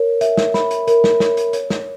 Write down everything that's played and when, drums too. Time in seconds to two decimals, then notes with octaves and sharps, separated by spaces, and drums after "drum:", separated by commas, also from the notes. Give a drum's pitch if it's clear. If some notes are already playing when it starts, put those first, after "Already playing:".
Already playing: A#4 C#5
0.21 E5, drum: hi-hat
0.37 drum: snare
0.54 B5, drum: snare
0.71 drum: hi-hat
0.88 A#4, drum: hi-hat
1.04 drum: snare
1.20 C#5, drum: snare
1.37 drum: hi-hat
1.53 C#5, drum: hi-hat
1.70 drum: snare